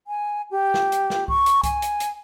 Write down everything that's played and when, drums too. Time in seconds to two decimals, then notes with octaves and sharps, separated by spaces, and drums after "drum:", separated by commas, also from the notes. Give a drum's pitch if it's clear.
0.07 G#5
0.51 G4
0.74 drum: snare
0.92 drum: hi-hat
1.10 drum: snare
1.28 C#6, drum: kick C2
1.46 drum: hi-hat
1.63 G#5, drum: kick C2, hi-hat
1.82 drum: hi-hat
2.00 drum: hi-hat